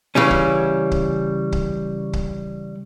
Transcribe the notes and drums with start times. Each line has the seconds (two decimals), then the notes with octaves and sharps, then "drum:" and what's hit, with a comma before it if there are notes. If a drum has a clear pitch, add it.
0.15 C#3 E3 G3 C#4
0.31 drum: kick C#1
0.92 drum: kick C#1
1.52 drum: kick C#1
2.13 drum: kick C#1